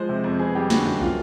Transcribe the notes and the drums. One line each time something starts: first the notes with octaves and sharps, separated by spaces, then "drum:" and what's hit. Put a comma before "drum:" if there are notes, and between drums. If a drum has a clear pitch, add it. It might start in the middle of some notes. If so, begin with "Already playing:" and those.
Already playing: F3 G#3 C5
C3
F2
B3 G#4
G3 G4
D3 F#4, drum: snare
F#2
A#3 F4, drum: kick